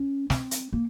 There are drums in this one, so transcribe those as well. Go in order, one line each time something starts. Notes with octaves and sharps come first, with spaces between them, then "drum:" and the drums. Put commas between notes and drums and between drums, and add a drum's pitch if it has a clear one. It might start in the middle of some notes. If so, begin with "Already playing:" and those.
Already playing: C#4
C4, drum: snare
drum: hi-hat
A#3